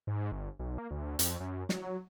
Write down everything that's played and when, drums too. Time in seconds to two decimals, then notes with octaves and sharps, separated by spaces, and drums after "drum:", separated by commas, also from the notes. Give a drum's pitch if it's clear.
0.07 G#2
0.32 G1
0.59 B1
0.78 A#3
0.91 D2
1.19 F2, drum: hi-hat
1.40 F#2
1.69 F#3, drum: snare